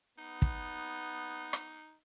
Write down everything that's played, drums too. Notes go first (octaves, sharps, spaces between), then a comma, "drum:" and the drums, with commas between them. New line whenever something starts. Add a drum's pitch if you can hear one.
B3 D#4
drum: kick
drum: rim click